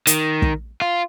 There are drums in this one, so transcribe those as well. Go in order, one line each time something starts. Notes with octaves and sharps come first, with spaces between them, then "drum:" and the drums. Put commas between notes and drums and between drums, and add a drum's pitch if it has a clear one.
D#3, drum: hi-hat
drum: kick
F4